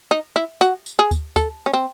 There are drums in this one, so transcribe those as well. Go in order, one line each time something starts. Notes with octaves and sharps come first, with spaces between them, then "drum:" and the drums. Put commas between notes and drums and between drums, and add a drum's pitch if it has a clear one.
D#4
E4
F#4, drum: tambourine
drum: tambourine
G#4
drum: kick D2, tambourine
A4, drum: kick D2, tambourine
C#4
C4